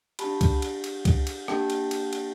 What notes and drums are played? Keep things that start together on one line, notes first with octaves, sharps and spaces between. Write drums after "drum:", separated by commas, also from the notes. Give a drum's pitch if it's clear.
D4 G4 A5 B5, drum: cymbal
drum: kick, cymbal
drum: cymbal
drum: cymbal
drum: kick, cymbal
drum: cymbal
A#3 D4 G4 G5 A5, drum: rim click
drum: cymbal
drum: cymbal
drum: cymbal